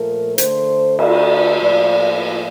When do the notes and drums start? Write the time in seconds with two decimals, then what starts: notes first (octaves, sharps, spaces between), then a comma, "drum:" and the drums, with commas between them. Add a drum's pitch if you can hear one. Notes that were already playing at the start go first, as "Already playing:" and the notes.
Already playing: A#2 F3 A3 A#4
0.38 D3 A3 C5, drum: hi-hat
0.99 D5, drum: cymbal
1.59 A2 F3 A#3 D5